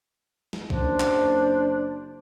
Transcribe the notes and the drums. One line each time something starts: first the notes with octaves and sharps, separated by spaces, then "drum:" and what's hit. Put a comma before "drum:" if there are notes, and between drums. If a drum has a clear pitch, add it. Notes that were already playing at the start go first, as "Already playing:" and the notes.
drum: snare
F#1 D4 C5, drum: kick C2
drum: clap